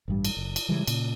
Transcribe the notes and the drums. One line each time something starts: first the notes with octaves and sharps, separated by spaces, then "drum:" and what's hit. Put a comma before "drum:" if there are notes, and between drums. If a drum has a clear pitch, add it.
A1 G2 G3
drum: cymbal
F#1
drum: cymbal
C#3 E3 G3 G#3
A#2 C#3, drum: cymbal